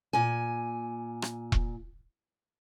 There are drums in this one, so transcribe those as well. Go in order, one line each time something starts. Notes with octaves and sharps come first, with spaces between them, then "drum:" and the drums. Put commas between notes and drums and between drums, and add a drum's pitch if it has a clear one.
A#2 G#5
drum: rim click
drum: kick E1